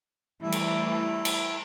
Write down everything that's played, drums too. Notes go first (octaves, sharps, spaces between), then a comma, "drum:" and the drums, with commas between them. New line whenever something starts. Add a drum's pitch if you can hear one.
E3 G3 A3 E4
drum: cymbal
drum: cymbal